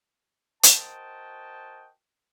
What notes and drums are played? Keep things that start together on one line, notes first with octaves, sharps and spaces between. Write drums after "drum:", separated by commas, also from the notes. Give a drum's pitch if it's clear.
F#4 A#4 C5 D#5 G5 A5, drum: hi-hat